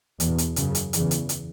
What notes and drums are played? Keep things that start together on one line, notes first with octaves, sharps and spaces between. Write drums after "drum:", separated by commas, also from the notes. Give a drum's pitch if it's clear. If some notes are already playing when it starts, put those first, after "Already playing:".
E2 B2, drum: hi-hat
drum: hi-hat
F#2 C#3, drum: hi-hat
drum: hi-hat
E2 C#3, drum: hi-hat
drum: hi-hat
drum: hi-hat